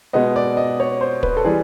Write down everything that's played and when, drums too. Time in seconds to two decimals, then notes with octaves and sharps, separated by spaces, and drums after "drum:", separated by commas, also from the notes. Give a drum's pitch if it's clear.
0.13 B2 G#3 B3 D#5
0.36 D5
0.57 D#5
0.80 C#5
1.01 C5
1.23 B4, drum: kick
1.37 A4
1.45 E3 G3 G#4